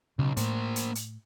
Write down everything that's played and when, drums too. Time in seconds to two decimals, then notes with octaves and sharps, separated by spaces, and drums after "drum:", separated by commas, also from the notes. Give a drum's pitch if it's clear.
0.19 B1 C#3
0.37 A2 A#3 C5, drum: hi-hat
0.76 drum: hi-hat
0.95 drum: hi-hat